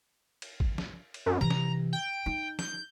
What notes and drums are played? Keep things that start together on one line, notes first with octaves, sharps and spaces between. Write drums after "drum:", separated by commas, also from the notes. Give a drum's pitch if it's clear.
drum: cymbal
drum: kick
drum: snare
drum: cymbal
F#2
C3 E3 A#5
drum: snare
G5
D#4
G6, drum: snare